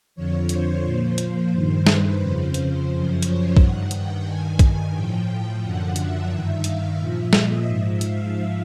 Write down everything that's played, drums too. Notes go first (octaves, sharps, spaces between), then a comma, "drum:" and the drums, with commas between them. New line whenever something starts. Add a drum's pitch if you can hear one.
F2 D3 F3 C#5
C5, drum: hi-hat
A#2 F3 C5
C5, drum: hi-hat
G2 D#3
B4, drum: snare
F2 C#3 F3 C5
drum: hi-hat
F#2 C#3 F3
C#5, drum: hi-hat
G2 D#3 F#5, drum: kick
G5, drum: hi-hat
G2 D#3 G#5
drum: kick, hi-hat
A2 F3 G5
F#2 D3 F3 F#5
E5, drum: hi-hat
G2 D#3 E5
F5, drum: hi-hat
A#2 F3 E5
D#5, drum: snare
G#2 F3 E5
F5, drum: hi-hat